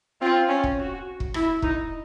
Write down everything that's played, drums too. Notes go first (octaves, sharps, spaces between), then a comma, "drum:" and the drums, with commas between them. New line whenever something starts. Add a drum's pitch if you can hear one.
C4 F4
C#4
drum: kick
F#4
drum: kick
E4, drum: rim click
D#4, drum: kick